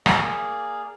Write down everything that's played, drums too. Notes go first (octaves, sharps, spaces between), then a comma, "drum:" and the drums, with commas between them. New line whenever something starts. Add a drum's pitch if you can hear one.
A#3 G#4 D5 F5, drum: rim click